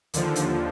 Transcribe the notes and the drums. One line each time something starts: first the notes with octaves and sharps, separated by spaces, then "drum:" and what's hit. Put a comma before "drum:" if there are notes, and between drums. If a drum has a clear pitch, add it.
D#2 D3 F3, drum: hi-hat
drum: hi-hat